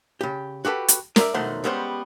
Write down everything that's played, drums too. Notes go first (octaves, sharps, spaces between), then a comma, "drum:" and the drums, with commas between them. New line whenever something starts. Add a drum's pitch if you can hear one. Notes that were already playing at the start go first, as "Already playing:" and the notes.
C#3 G4
F#4 G4 A4 B4
drum: hi-hat
A#4 D5 E5, drum: snare
B1 F2 D#3 A3 C5 F#5
G3 G#3 B3 C#4 G#4 C5